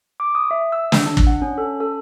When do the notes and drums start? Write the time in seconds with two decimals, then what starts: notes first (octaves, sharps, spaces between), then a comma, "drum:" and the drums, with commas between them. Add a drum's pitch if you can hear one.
0.20 D6
0.35 D#6
0.51 E5
0.72 E6
0.92 drum: snare
1.06 D4
1.17 drum: kick
1.27 F#5
1.42 C#4
1.58 A4
1.80 A4